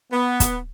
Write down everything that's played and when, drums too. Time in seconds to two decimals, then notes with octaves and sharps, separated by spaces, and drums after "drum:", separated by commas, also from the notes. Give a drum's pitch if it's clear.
0.12 B3
0.40 drum: kick, hi-hat